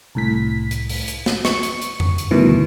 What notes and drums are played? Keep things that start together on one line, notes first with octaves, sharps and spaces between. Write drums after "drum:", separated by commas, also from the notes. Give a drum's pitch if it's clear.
C2 A2 B6
drum: hi-hat
drum: open hi-hat
drum: hi-hat
drum: snare
C#6, drum: snare
drum: hi-hat
drum: hi-hat
drum: tom F2
drum: hi-hat
D2 G2 B2 D#3 E3